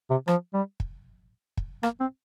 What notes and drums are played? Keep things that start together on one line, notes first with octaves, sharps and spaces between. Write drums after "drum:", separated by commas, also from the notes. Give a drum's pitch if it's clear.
C3
F3, drum: rim click
G3
drum: kick
drum: kick
A#3, drum: rim click
C4